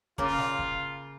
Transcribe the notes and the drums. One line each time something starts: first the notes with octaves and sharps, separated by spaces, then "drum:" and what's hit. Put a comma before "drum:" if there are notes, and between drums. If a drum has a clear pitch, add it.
C#3 A#3 F4, drum: kick
drum: snare
drum: kick